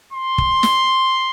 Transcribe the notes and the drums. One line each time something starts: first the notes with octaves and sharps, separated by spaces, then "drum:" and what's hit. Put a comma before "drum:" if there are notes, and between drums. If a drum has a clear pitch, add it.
C6
drum: kick
drum: snare